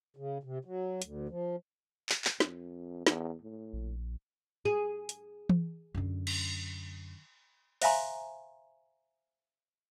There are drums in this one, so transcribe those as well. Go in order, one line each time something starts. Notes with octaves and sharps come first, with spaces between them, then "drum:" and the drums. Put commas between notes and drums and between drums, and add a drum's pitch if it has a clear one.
C#3
C3
F#3
D2, drum: hi-hat
F3
drum: clap
drum: clap
F2, drum: snare
E2, drum: snare
A2
A#1
G#4
drum: hi-hat
drum: tom E3
F#2 D3
drum: cymbal
C5 E5 F5 G#5 A#5 C6, drum: open hi-hat